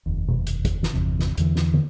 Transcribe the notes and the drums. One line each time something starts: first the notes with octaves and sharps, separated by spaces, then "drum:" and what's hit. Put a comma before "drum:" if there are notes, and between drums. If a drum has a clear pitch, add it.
F1 D#2
drum: tom B2
drum: hi-hat
drum: kick, hi-hat
drum: snare
G1 E2 C3
drum: snare
E2 D3 E3, drum: hi-hat
drum: snare
drum: tom